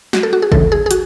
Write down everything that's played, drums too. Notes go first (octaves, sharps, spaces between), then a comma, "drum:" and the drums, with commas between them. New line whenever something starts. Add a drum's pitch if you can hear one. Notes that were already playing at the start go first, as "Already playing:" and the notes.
F#4, drum: snare
A4
F#4
G#4
D2 C#3 E3 A4, drum: kick G#1
G#4
G#4
F#4, drum: hi-hat